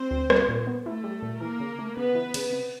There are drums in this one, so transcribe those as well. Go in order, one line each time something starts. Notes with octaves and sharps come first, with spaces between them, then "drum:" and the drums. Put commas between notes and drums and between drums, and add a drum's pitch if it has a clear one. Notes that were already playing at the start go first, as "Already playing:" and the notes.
Already playing: C4 C5
D2
G3, drum: rim click
A#2
B3
A3 E4 A4
G3
A#2
E3 A#3 A#4
C#3
A3
C#3 B3 B4
E3
C#3, drum: cymbal
C3